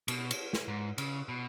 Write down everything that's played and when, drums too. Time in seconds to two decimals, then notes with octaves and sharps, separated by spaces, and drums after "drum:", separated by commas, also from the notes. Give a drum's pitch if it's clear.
0.08 B2, drum: cymbal
0.31 drum: cymbal
0.53 drum: snare
0.68 G#2
0.98 C#3, drum: cymbal
1.29 B2